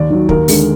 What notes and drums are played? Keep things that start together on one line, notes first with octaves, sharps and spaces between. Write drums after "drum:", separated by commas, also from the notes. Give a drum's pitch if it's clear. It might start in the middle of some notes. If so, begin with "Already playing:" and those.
Already playing: D#2 D5
D#3 F#3
D#2 A#4, drum: kick
D3 G#3, drum: open hi-hat